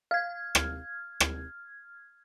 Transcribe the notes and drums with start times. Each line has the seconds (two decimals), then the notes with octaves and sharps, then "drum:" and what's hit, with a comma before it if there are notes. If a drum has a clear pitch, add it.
0.11 F5 F6 G#6
0.55 drum: rim click
1.20 drum: rim click